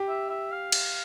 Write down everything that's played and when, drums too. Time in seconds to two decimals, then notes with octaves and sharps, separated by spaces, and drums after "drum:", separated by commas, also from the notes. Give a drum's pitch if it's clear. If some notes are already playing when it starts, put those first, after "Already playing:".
Already playing: G4
0.09 E5
0.29 E5
0.51 F5
0.72 drum: cymbal